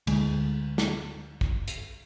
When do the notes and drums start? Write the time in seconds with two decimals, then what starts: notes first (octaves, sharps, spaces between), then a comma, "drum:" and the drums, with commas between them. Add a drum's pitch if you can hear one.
0.07 D2 G#3, drum: cymbal
0.78 drum: snare
1.41 drum: kick
1.68 drum: hi-hat